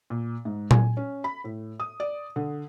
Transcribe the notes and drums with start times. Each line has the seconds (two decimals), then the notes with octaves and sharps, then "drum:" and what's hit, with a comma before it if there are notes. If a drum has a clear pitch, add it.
0.10 A#2
0.45 G#2
0.71 G#5, drum: tom A#2
0.97 C#4
1.24 B5
1.44 A2
1.80 D#6
2.00 D5
2.36 D3